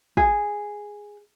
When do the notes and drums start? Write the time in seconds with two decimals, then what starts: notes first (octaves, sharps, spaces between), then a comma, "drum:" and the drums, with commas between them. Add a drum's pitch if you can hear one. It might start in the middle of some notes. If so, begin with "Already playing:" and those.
0.17 G#4, drum: kick